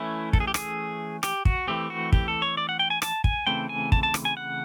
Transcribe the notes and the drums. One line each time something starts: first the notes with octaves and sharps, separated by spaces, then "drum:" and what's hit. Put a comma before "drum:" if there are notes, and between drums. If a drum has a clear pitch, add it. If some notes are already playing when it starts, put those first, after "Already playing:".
Already playing: E3 A3 C#4 E4
A4, drum: kick
G#4
G4
G#4, drum: rim click
G4, drum: rim click
F#4, drum: kick
E3 A3 C4 G4
F#4
G4, drum: kick
A4
C#5
D5
F#5
G5
G#5
A5, drum: rim click
G#5, drum: kick
C#3 E3 A3 C4 G5
G#5
A5, drum: kick
A5
drum: rim click
G#5
F#5